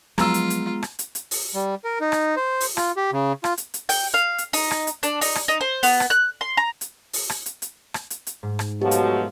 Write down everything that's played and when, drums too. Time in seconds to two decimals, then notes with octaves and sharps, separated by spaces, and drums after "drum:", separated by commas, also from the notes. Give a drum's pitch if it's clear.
0.18 F3 F#3 G#3 B3 F4 A#5 E6, drum: rim click
0.34 drum: hi-hat
0.50 drum: hi-hat
0.83 drum: rim click
0.99 drum: hi-hat
1.15 drum: hi-hat
1.31 drum: open hi-hat
1.55 G3
1.84 A#4
2.01 D#4
2.12 drum: rim click
2.37 C5
2.60 drum: open hi-hat
2.77 F4, drum: rim click
2.97 G4
3.13 C#3
3.44 F4, drum: rim click
3.57 drum: hi-hat
3.74 drum: hi-hat
3.89 G5, drum: open hi-hat
4.14 F5
4.38 drum: hi-hat
4.53 D#4, drum: open hi-hat
4.71 drum: rim click
4.87 drum: hi-hat
5.03 D4, drum: hi-hat
5.21 D#4, drum: open hi-hat
5.35 drum: rim click
5.48 D#4
5.61 C5
5.83 B3, drum: open hi-hat
6.00 drum: rim click
6.10 F#6
6.41 C6
6.57 A#5
6.81 drum: hi-hat
7.13 drum: open hi-hat
7.30 drum: rim click
7.46 drum: hi-hat
7.62 drum: hi-hat
7.94 drum: rim click
8.10 drum: hi-hat
8.27 drum: hi-hat
8.43 G#2
8.59 drum: rim click
8.82 B2 F3 F#3 A3 G4
8.91 drum: hi-hat